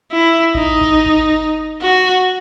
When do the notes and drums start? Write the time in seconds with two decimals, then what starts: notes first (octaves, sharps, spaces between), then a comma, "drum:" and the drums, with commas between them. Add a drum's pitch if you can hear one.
0.12 E4
0.55 D#4, drum: kick G#1
0.81 drum: kick G#1
1.06 drum: kick G#1
1.81 F#4